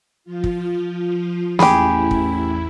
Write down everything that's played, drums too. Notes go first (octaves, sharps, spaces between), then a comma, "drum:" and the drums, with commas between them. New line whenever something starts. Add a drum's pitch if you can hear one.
F3 F4
drum: kick
A1 E2 E4 G4 G#4 B5, drum: snare
drum: kick